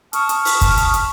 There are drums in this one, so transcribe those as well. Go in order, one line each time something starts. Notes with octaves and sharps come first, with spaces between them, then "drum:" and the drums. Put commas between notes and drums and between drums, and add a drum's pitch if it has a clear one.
A5 C#6 D#6 F6, drum: hi-hat
drum: hi-hat
drum: open hi-hat
drum: kick, hi-hat
drum: hi-hat
drum: hi-hat